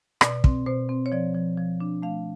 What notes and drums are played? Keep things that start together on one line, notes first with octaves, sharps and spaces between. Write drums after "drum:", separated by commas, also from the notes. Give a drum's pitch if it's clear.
B2 D5, drum: rim click
C4, drum: kick
B2 C5
C4
C#5
F3 D5
F3
F3
D4
A3 F5